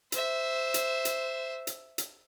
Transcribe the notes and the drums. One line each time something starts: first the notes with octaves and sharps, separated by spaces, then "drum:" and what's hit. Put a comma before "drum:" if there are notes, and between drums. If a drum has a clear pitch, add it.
C5 E5, drum: hi-hat
drum: hi-hat
drum: hi-hat
drum: hi-hat
drum: hi-hat